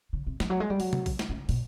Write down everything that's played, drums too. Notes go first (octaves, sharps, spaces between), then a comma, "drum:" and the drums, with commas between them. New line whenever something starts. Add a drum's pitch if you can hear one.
C#3
C3
F3, drum: snare
F#3
G#3
G3
F#3, drum: open hi-hat
drum: tom C3
drum: kick A#1, open hi-hat
drum: snare
C#3
B2, drum: open hi-hat